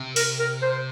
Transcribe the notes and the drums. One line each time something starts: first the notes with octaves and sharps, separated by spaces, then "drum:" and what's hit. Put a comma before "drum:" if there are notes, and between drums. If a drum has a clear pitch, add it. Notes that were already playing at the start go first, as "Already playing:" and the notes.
Already playing: C3
A#4, drum: open hi-hat
A#4
C5